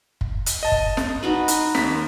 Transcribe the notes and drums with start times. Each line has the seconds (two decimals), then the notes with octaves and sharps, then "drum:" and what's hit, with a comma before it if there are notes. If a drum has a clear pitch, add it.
0.21 drum: kick
0.46 drum: hi-hat
0.63 D#5 A5
0.72 drum: kick
0.97 drum: snare
1.23 D#4 F#4 B4
1.48 drum: hi-hat
1.75 D#2 B6, drum: snare